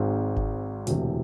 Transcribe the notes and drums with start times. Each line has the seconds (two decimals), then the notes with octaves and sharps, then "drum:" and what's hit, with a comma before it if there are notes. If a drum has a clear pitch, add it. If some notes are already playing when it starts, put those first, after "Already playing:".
Already playing: G#1 G#2 G#3 C4
0.36 drum: kick F#1
0.87 E1 D2 C3 E3, drum: hi-hat